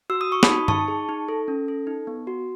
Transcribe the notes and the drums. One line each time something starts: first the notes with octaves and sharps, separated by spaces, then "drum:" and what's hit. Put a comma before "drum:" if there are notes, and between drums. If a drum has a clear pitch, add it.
F#4 E6
D#6
F#4 C#6
B5 D#6, drum: snare
D#4
D#4 A5 C#6, drum: tom G2
G#4
D#4
A4
C#4
A4
D#4
B3
F#4